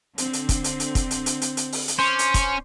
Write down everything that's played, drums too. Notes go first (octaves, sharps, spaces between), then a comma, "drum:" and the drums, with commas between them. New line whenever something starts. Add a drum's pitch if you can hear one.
D3 C4, drum: hi-hat
drum: hi-hat
drum: kick, hi-hat
drum: hi-hat
drum: hi-hat
drum: kick, hi-hat
drum: hi-hat
drum: hi-hat
drum: hi-hat
drum: hi-hat
drum: open hi-hat
drum: hi-hat
C#4 C5 C6 D6
drum: hi-hat
drum: kick, hi-hat